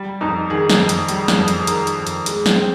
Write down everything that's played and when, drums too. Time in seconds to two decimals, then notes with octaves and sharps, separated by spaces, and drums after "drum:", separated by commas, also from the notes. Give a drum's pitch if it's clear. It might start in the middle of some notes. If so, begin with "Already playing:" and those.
Already playing: G3
0.21 F2 D#4
0.50 D#3 G#4
0.70 drum: snare
0.80 F2
0.89 drum: hi-hat
1.08 G3, drum: hi-hat
1.28 drum: snare
1.38 F2
1.48 drum: hi-hat
1.60 G#4
1.67 D#3 A#4, drum: hi-hat
1.87 drum: hi-hat
1.97 F2
2.07 drum: hi-hat
2.26 G#3, drum: hi-hat
2.46 drum: snare
2.56 C4